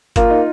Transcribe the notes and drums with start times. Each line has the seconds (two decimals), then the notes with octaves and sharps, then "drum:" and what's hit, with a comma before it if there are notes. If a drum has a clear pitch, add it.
0.16 A#3 F4, drum: kick G1, hi-hat
0.30 D#4